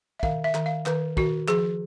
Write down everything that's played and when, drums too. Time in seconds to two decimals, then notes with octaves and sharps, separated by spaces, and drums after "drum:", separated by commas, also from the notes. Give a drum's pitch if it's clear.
0.19 E5
0.23 D#3 F5, drum: kick
0.44 E5
0.55 D#3, drum: clap
0.66 F5
0.86 D#3 B4, drum: clap
1.17 D#3 F#4, drum: kick
1.48 F3 G#4, drum: clap